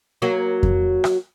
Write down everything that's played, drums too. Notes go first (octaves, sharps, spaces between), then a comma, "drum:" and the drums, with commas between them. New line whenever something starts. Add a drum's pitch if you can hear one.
F#3 A#3 F#4
drum: kick F2
drum: rim click